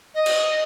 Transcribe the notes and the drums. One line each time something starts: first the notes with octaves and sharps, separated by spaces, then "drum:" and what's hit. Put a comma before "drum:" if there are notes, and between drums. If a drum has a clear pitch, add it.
D#5
drum: cymbal